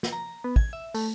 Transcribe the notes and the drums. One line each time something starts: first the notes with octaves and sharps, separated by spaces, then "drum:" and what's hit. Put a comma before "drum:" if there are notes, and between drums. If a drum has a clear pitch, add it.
drum: snare
A#5
B3
G#6, drum: kick
E5
A3, drum: open hi-hat